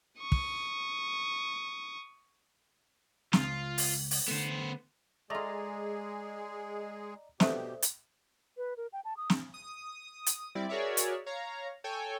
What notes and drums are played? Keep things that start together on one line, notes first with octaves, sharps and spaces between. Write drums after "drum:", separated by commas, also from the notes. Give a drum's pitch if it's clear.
C#6 D#6
drum: kick
C#2 F4, drum: snare
drum: open hi-hat
drum: open hi-hat
D3 A3 B3 C5
G#3 A3 F4 G#4 D5 D#5 A#5
B2 A3 D4 G4 B4 C5 E5 D#6, drum: snare
drum: hi-hat
B4
A#4
G5
A5
D#6
drum: snare
D#6
drum: hi-hat
G3 C4 E4 D5
F#4 G#4 A#4 C#5 D5 E5
drum: hi-hat
C#5 F5 A#5
A4 C#5 G5 G#5